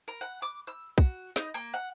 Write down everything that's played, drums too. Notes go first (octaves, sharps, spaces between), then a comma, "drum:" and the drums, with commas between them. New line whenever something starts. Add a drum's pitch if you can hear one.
A#4
F#5
D6
E6
F#4, drum: kick
D#4, drum: snare
A#3
F#5